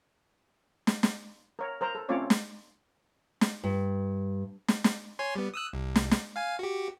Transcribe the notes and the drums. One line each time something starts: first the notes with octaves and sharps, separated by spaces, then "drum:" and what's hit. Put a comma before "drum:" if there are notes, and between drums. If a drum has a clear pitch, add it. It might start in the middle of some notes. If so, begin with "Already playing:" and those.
drum: snare
drum: snare
A#4 C#5
A#4 C5 A#5
A4
A3 C4 C#4 F4 C#5 D5
drum: snare
drum: snare
G2
drum: snare
drum: snare
C#5 G#5 C6
G3 B3
D#6 E6 F#6
C2
drum: snare
drum: snare
F5 G#5
F#4 G4